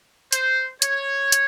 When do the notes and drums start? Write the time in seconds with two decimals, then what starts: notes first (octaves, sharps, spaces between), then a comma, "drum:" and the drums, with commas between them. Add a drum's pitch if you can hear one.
0.32 C5, drum: hi-hat
0.82 C#5, drum: hi-hat
1.32 drum: hi-hat